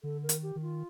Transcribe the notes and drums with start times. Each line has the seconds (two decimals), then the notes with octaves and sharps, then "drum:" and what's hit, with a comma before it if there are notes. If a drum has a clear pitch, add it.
0.03 D3 A4
0.23 A#4
0.29 D#3, drum: hi-hat
0.43 G4
0.56 D#3
0.62 F4